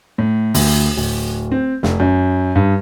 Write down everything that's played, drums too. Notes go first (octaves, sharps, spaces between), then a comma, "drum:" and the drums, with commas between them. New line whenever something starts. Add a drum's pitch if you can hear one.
A2
D2, drum: open hi-hat
D1
C4
F1, drum: snare
F#2
G2